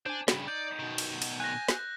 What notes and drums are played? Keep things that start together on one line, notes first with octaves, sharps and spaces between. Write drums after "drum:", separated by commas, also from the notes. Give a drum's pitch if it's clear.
D4 C5 G#5
G2 C#3 B5, drum: snare
D#4 D5 G6
B2 D#3
drum: cymbal
drum: cymbal
G#5 F#6 A#6
drum: snare